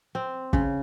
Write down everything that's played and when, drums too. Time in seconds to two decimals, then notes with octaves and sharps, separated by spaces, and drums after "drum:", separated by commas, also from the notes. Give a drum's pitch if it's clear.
0.15 C4
0.53 C#3, drum: kick